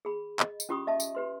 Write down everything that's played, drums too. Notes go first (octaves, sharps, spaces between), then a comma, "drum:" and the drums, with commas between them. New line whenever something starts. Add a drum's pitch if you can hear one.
G#4 B5
D#5, drum: clap
drum: tambourine
C#4 F4 G4 B5 C#6 D#6
D#5 E5 A5
drum: tambourine
G4 B4 C6